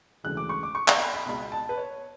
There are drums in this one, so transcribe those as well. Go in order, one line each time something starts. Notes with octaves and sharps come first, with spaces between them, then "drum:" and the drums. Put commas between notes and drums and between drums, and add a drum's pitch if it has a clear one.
E1 D2 C#3 E3 F#6
D6
C#6
D6
C#6
C#6, drum: clap
B5
B5
C#2 B2 B5
A5
B4
C#5